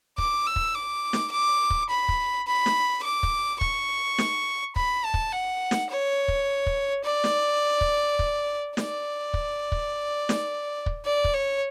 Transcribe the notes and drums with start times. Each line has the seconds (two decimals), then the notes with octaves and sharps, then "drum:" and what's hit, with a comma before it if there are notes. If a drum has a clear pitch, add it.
0.18 D6, drum: kick
0.47 E6
0.56 drum: kick
0.75 D6
1.13 drum: snare
1.32 D6
1.70 drum: kick
1.90 B5
2.09 drum: kick
2.47 B5
2.66 drum: snare
3.04 D6
3.23 drum: kick
3.61 C#6, drum: kick
4.18 drum: snare
4.76 B5, drum: kick
5.05 A5
5.14 drum: kick
5.32 F#5
5.71 drum: snare
5.90 C#5
6.28 drum: kick
6.66 drum: kick
7.05 D5
7.24 drum: snare
7.81 drum: kick
8.19 drum: kick
8.77 D5, drum: snare
9.34 drum: kick
9.72 drum: kick
10.29 drum: snare
10.86 drum: kick
11.05 D5
11.24 drum: kick
11.34 C#5